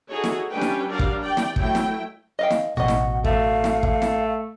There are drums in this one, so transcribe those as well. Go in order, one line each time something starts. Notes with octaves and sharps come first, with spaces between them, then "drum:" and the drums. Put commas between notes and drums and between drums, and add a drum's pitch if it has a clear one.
D#4 F#4 G#4 A4 C#5
drum: snare
G3 C#4 D4 B4 G5
drum: snare
F#3 G3 D4 A#4 D5 F5
drum: kick
D5 G5
drum: snare
F#3 A3 E4 G5, drum: kick
drum: snare
D#5 F5 G5
drum: snare
A1 B2 F#4 D#5 F#5
drum: snare
A3 F5, drum: kick
drum: snare
drum: kick
drum: snare